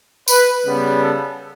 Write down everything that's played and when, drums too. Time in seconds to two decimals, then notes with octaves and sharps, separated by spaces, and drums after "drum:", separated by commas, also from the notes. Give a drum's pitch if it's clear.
0.28 B4, drum: tambourine
0.63 C#3 G3 B3
1.00 A4